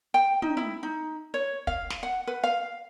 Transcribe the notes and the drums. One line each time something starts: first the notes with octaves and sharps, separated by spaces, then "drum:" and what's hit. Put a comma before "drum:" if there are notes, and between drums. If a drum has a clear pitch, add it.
G5
D#4, drum: tom
E4
D#4
C#5
F5, drum: kick
drum: snare
F#5
B4
F5